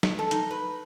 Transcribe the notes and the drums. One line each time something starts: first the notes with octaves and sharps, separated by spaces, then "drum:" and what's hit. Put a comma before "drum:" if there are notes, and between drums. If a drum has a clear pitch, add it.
drum: snare
A4
D#4, drum: hi-hat
B4